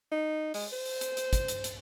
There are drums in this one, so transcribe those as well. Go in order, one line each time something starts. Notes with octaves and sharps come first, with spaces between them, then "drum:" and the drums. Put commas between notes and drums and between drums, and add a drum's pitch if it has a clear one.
D#4
G#3, drum: open hi-hat
C5
drum: open hi-hat
drum: hi-hat
drum: hi-hat
drum: kick, hi-hat
drum: hi-hat
drum: hi-hat